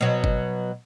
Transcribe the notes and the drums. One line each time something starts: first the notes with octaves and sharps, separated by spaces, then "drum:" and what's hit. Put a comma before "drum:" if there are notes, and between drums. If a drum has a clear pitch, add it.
B2 F#3
drum: kick G1